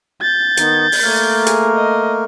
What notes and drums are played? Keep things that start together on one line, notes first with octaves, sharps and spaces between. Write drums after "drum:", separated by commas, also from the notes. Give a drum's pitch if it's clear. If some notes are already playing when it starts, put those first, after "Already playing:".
G6 A6
D#3 B3 D#4, drum: hi-hat
drum: open hi-hat
A3 A#3 A#4
G#4, drum: hi-hat
D#5